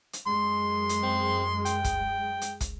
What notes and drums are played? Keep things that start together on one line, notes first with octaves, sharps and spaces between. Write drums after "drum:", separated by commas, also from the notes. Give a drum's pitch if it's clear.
drum: hi-hat
F#2 G#3 C6
drum: hi-hat
C4
G5, drum: hi-hat
drum: kick, hi-hat
drum: hi-hat
drum: kick, hi-hat